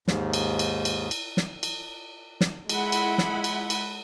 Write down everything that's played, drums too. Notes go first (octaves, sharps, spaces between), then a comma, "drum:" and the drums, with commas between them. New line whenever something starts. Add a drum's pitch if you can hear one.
D#2 G#2, drum: snare
drum: cymbal
drum: cymbal
drum: cymbal
drum: cymbal
drum: snare
drum: cymbal
drum: snare
G#3 E4 F#5 B5, drum: cymbal
drum: cymbal
drum: snare
drum: cymbal
drum: cymbal